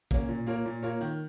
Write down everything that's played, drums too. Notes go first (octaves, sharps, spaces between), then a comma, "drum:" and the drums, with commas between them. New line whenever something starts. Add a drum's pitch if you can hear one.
A#3 C#4, drum: kick
A#2
A#3 F4 A#4 C#5
A#2
A#3 F4 A#4 C#5
D#3